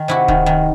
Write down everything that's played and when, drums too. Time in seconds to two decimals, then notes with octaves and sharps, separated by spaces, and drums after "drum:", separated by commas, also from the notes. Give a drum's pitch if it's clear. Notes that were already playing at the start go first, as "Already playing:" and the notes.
Already playing: D#3
0.08 C3 E4 F#4
0.28 D#3, drum: kick D1
0.46 D#3